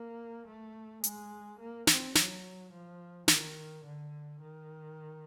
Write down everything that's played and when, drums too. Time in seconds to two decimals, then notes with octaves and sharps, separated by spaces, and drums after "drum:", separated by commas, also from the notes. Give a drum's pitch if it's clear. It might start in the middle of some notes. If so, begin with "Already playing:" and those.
Already playing: A#3
0.47 A3
1.04 G#3, drum: hi-hat
1.59 A#3
1.87 C4, drum: snare
2.15 F#3, drum: snare
2.72 F3
3.28 D#3, drum: snare
3.85 D3
4.41 D#3